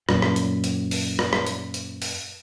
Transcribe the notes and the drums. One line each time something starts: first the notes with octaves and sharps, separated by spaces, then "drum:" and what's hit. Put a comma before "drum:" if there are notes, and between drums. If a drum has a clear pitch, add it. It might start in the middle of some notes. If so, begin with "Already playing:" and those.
F#2 A#2, drum: rim click
drum: rim click
drum: hi-hat
drum: hi-hat
drum: open hi-hat
drum: rim click
drum: rim click
drum: hi-hat
drum: hi-hat
drum: open hi-hat